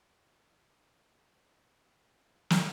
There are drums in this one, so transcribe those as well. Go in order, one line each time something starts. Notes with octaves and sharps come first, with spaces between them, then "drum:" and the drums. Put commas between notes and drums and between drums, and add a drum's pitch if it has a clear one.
F#4
drum: snare